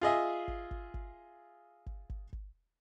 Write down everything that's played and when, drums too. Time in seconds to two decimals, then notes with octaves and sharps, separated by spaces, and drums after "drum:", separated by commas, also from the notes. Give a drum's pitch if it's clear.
0.01 F4 G#4 D#5 E5
0.48 drum: kick G1
0.71 drum: kick G1
0.94 drum: kick G1
1.86 drum: kick G1
2.10 drum: kick G1
2.33 drum: kick G1